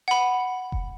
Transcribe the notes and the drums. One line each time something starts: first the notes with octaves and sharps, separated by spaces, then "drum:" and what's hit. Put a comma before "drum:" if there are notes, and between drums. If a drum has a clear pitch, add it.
F#5 B5
drum: kick F1